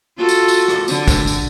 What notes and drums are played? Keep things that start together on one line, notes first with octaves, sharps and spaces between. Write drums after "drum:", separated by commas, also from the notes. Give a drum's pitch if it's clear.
F4 F#4 A4
drum: tambourine
drum: tambourine
drum: rim click
D3, drum: tambourine
drum: kick, tambourine
drum: tambourine